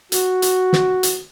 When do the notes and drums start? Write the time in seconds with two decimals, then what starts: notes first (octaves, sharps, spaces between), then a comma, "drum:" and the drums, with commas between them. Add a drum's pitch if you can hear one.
0.12 F#4, drum: hi-hat
0.42 drum: hi-hat
0.73 drum: snare
1.03 drum: hi-hat